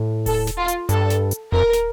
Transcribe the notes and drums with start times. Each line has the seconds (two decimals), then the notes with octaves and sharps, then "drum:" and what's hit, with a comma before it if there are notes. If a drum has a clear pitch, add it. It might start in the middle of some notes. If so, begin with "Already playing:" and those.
Already playing: A2
0.26 A4, drum: kick D#1, open hi-hat
0.47 drum: snare
0.58 F4
0.68 drum: hi-hat
0.89 G2 A4, drum: hi-hat
1.10 drum: snare
1.31 drum: hi-hat
1.52 F2 A#4, drum: kick D#1
1.73 drum: snare